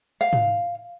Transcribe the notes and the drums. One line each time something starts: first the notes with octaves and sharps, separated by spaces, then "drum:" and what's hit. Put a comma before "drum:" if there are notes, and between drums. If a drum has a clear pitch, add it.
F5
drum: tom G#2